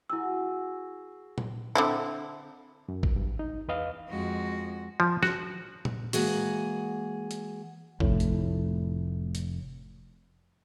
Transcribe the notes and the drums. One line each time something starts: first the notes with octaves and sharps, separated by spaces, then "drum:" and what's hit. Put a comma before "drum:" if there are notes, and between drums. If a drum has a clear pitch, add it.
E4 F#4 G#4 G#5 E6
drum: tom A#2
D3 C4 E4
F#2
drum: kick
G2
D#4
E2 B4 D#5 F5
F2 G#3 F#4
F3
F#4, drum: snare
drum: tom A#2
E3 G#3 A#3 F#4 G#4 F#5, drum: open hi-hat
drum: hi-hat
F1 A2, drum: kick
drum: hi-hat
drum: hi-hat